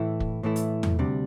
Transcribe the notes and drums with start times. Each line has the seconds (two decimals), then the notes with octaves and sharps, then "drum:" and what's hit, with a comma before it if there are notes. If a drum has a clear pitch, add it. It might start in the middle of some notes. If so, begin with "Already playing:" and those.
Already playing: A2 E3 A3 E4
0.20 drum: kick
0.43 A2 E3 A3 E4
0.56 drum: hi-hat
0.83 drum: tom E2
0.99 D2 C3 G3 D4